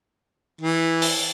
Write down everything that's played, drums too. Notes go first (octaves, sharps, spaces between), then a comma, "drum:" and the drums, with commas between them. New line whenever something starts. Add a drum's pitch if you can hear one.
E3
drum: open hi-hat